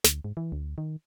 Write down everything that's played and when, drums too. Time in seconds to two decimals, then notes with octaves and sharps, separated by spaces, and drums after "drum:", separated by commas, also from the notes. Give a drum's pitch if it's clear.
0.04 D2, drum: snare
0.24 G#2
0.37 E3
0.52 D2
0.78 D#3